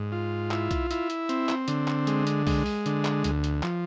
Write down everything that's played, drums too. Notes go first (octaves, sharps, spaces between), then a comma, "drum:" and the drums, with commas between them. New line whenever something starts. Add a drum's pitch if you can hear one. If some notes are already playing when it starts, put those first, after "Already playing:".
Already playing: G#2
F4
E4, drum: clap
drum: kick B1, hi-hat
E4, drum: hi-hat
drum: hi-hat
C4, drum: hi-hat
drum: clap
D3, drum: hi-hat
drum: clap
G#3, drum: hi-hat
drum: hi-hat
G#3, drum: kick B1, open hi-hat
drum: open hi-hat
D3, drum: hi-hat
drum: clap
D2, drum: hi-hat
drum: hi-hat
F3, drum: clap